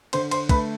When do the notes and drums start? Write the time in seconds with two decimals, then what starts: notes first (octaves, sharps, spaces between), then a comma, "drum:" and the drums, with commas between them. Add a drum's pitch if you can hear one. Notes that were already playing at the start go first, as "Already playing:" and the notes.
0.13 D3 C5 C6, drum: cymbal
0.31 C5 C6, drum: cymbal
0.49 A3 B4 B5, drum: kick, cymbal